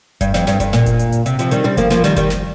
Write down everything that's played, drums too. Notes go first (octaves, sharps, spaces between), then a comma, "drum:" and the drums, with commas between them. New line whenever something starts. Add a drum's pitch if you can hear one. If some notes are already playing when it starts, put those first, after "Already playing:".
G2, drum: kick F#1, hi-hat
F2, drum: snare
G2, drum: snare
G2, drum: kick F#1, hi-hat
A#2, drum: snare
drum: kick F#1, hi-hat
drum: hi-hat
drum: hi-hat
C3, drum: hi-hat
C3 F3, drum: hi-hat
D#3 G3, drum: hi-hat
G3 C4, drum: tom C#4
F3 A#3, drum: kick F#1, hi-hat
F3 A#3, drum: snare
D#3 G3, drum: snare
D#3 G3, drum: kick F#1, hi-hat
drum: snare